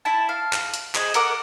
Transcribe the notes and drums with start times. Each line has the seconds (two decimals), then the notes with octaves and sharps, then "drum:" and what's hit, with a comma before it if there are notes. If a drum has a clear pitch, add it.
0.05 E4 A5
0.29 F5
0.53 drum: clap
0.74 drum: hi-hat
0.95 G#4 C5 D#5, drum: clap
1.14 A4 A#4 F#5 D6, drum: hi-hat